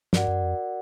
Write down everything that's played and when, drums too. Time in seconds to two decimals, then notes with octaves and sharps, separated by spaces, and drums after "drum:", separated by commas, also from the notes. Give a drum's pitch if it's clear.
0.13 G2 F#4 A#4 D5 F#5, drum: snare
0.28 F#2
0.43 F2